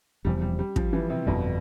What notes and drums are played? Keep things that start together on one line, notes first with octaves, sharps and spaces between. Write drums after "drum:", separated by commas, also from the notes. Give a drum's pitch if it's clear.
E1 E2 C3 F3 G3
G3
G3
F3, drum: kick
E3
C3
G1 F2 B2 D3 G3